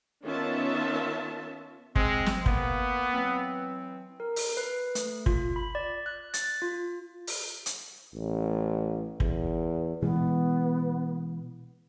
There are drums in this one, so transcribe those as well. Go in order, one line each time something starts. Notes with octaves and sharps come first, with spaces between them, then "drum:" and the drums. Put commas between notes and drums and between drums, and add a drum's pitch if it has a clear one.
D#3 B3 C#4 F4 E5 A5
G#3 C4, drum: kick
drum: snare
A#3 B3, drum: kick
E3 F#3 C4
A#4
drum: open hi-hat
B4
A3, drum: hi-hat
F4, drum: kick
B5
D5
F#6
A6, drum: hi-hat
F4
drum: open hi-hat
drum: hi-hat
A1
E2, drum: kick
B2 E3 G#3 B3